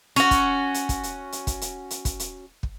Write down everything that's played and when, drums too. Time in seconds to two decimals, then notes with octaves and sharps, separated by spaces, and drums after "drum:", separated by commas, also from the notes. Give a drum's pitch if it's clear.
0.16 C#4 F#4, drum: hi-hat
0.31 drum: kick, hi-hat
0.74 drum: hi-hat
0.89 drum: kick, hi-hat
1.03 drum: hi-hat
1.32 drum: hi-hat
1.47 drum: kick, hi-hat
1.61 drum: hi-hat
1.90 drum: hi-hat
2.05 drum: kick, hi-hat
2.19 drum: hi-hat
2.63 drum: kick